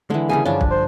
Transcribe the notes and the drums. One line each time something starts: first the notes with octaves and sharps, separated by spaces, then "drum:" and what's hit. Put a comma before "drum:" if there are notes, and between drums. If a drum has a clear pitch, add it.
D3 E3 G#3
C#3 G3 A#3 G#4 G#5
G2 C#3 F3 D4
drum: kick
C5